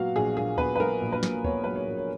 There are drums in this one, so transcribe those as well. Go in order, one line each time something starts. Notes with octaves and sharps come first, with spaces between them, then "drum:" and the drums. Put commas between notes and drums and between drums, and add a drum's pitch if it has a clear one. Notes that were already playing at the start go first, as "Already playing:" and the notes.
Already playing: A#2 F#3 B3 F#4 F5
A#1 G#4
A#2 G#4
B3 B4, drum: kick
B4
F#3 A#4
A#1
B4
A#2, drum: snare
B3 C#5, drum: kick
F#3 B4
C#5
A#1
C#5